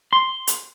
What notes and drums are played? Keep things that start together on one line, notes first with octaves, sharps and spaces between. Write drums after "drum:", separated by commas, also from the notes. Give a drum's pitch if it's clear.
C6
drum: hi-hat